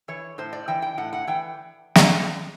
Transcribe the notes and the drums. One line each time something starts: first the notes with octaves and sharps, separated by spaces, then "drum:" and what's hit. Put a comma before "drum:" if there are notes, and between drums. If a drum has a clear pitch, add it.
E3 C#5
A2 C5
D5
E3 G5
G5
A2 F#5
F#5
E3 G5
drum: snare